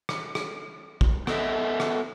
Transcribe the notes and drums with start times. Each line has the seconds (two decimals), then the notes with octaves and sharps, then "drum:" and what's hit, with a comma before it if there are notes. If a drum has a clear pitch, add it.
0.09 drum: rim click
0.35 drum: rim click
1.01 drum: kick
1.27 B3 A4 D#5 E5, drum: rim click
1.80 drum: rim click